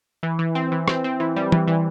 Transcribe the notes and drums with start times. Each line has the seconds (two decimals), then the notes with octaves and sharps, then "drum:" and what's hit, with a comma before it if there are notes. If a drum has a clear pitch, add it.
0.23 E3
0.39 E3
0.55 C4
0.72 E3
0.88 C4, drum: rim click
1.04 C4
1.20 E3
1.36 G3
1.52 E3, drum: tom
1.68 E3